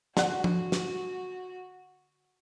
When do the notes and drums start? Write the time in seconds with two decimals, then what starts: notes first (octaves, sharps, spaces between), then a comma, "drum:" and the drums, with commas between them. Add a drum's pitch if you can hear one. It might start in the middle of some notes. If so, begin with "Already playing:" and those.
0.17 D3 F#4 F#5, drum: snare
0.44 drum: tom F3
0.72 drum: snare